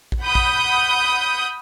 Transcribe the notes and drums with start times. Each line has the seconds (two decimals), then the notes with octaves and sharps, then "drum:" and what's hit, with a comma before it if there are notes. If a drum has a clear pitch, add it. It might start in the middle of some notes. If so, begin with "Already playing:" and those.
0.12 drum: kick A#1
0.22 F#5 B5 D#6 G6
0.35 drum: kick A#1